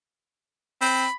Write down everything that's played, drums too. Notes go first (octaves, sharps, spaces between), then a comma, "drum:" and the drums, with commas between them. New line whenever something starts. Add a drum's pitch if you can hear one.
C4 B5, drum: open hi-hat